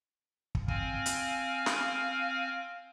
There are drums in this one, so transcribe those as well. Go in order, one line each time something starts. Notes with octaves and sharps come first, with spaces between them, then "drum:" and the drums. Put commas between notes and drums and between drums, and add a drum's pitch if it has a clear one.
drum: kick
C4 F5 G#5, drum: kick
drum: hi-hat
drum: snare